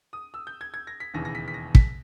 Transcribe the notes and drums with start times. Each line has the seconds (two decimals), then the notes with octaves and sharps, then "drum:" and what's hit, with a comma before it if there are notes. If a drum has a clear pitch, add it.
0.13 D#6
0.34 E6
0.47 G6
0.61 G#6
0.74 G#6
0.87 A#6
1.00 B6
1.14 E1 D#2 C#3 E3 A#6
1.25 A#6
1.35 B6
1.48 B6
1.54 A#6
1.75 B6, drum: kick